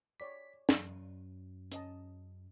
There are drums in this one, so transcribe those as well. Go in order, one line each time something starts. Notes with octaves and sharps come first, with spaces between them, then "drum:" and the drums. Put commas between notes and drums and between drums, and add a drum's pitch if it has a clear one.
C#5 D5 D6 B6
F#2, drum: snare
C#4 D#5 A5, drum: hi-hat